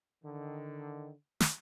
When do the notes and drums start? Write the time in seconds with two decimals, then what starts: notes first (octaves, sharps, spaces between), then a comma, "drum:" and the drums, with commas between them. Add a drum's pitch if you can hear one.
0.23 D3 D#3
1.40 drum: snare